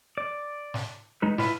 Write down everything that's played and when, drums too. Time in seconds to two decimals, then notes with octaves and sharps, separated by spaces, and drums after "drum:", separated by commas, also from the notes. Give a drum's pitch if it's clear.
0.18 D5
0.74 drum: snare
1.22 G#3 D#4 B4
1.38 E4 F4 B4 E5, drum: snare